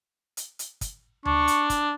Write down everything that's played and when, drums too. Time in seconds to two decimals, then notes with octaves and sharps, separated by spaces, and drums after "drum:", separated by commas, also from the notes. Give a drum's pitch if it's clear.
0.37 drum: hi-hat
0.59 drum: hi-hat
0.81 drum: kick, hi-hat
1.25 D4 C#6, drum: tom D2
1.48 drum: hi-hat
1.70 drum: kick, hi-hat